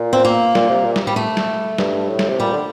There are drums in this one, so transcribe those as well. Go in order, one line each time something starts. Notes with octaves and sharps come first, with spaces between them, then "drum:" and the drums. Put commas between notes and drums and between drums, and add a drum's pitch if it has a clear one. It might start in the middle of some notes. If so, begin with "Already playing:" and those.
Already playing: A#2
C4
A#3
A#2, drum: snare
C3
A#2
drum: snare
G3
A3
drum: snare
G2, drum: snare
A2
drum: snare
C3
A#2 G3
D3